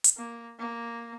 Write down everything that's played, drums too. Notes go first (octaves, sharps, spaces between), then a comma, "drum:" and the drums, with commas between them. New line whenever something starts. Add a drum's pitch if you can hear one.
drum: hi-hat
A#3
A#3